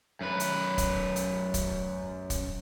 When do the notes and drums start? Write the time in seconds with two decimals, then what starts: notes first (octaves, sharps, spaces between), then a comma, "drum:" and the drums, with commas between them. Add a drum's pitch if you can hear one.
0.21 F#2 B4
0.40 drum: hi-hat
0.78 drum: kick, hi-hat
1.16 drum: hi-hat
1.54 drum: kick, hi-hat
2.30 drum: kick, hi-hat